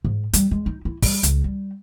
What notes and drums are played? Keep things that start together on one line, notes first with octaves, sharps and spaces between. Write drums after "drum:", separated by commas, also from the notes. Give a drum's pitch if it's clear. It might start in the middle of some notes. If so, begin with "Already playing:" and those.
G#2
G3, drum: hi-hat
G#3
D#4
E4
G3, drum: kick, open hi-hat
C#2, drum: hi-hat
G3